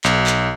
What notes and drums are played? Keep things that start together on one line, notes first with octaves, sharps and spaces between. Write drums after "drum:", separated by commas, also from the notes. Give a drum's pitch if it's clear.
B1, drum: clap
drum: clap